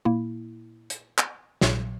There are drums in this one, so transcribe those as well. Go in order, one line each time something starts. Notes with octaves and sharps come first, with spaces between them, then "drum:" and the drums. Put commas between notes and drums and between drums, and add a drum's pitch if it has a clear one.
A#2 A#3 E4
drum: hi-hat
drum: clap
A#1 A#2 F#3, drum: snare